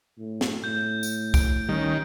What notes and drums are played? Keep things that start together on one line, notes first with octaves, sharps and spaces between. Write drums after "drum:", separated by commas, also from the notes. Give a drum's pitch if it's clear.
A2
drum: snare
A2 G6
drum: tambourine
D7, drum: kick C2, tambourine
D#3 G3 C#4